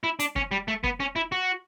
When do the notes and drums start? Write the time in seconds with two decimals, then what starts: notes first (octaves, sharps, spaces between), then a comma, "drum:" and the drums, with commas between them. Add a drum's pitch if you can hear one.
0.04 E4
0.20 D4, drum: hi-hat
0.36 C#4, drum: kick
0.51 G3
0.68 A3
0.84 B3, drum: kick
1.00 C#4
1.16 E4
1.32 F#4